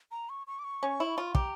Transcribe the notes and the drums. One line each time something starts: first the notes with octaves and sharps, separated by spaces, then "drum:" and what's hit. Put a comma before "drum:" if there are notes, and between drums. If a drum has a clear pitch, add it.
A#5
C#6
C#6
D6
C#6
C#4
E4
F4
G4 A#5, drum: kick